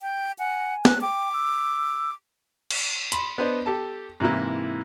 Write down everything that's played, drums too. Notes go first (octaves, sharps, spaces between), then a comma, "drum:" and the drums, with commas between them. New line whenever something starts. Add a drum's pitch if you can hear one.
G5
F#5 G#5
F#6, drum: snare
G5 D6
E6
drum: cymbal
B5 C6, drum: hi-hat
B3 D4 C5 D#5
G4 A4 A5
G#2 C3 E3 A#3 E4